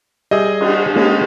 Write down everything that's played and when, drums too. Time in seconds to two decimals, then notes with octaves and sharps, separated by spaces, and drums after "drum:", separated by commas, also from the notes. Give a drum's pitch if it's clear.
0.31 G3 G#4 D#5 E5
0.60 drum: cymbal
0.96 G#3 A#3 C#4, drum: cymbal